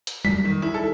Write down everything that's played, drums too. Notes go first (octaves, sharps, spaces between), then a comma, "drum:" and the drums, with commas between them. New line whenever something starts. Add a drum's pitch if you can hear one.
drum: hi-hat
B6, drum: tom G3
D#3
E4
A4